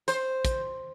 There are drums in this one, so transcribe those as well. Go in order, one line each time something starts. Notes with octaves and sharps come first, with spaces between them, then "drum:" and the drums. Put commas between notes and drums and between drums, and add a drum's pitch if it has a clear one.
C5, drum: hi-hat
drum: kick, hi-hat